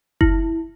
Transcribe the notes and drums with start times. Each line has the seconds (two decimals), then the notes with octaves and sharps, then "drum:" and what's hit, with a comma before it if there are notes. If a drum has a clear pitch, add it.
0.21 E4, drum: kick F#1